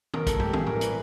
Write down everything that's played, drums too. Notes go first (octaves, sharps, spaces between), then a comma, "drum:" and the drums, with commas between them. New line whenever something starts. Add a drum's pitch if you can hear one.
B2 A#4, drum: tom
A4, drum: kick, hi-hat
G#3
G4, drum: tom
A2 G#4, drum: tom
A#4, drum: tom A2
E3 G3
B4, drum: hi-hat